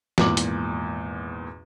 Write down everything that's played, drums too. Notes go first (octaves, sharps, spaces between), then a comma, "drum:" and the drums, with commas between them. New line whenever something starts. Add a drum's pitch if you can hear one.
G#1 E2 A#2 D6 F#7, drum: snare
drum: hi-hat